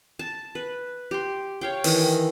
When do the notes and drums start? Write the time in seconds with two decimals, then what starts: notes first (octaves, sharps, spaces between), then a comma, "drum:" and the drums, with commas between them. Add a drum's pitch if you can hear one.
0.19 A5
0.55 B4
1.11 G4 C6
1.61 C#5 F5 G5
1.84 D#3 E3, drum: open hi-hat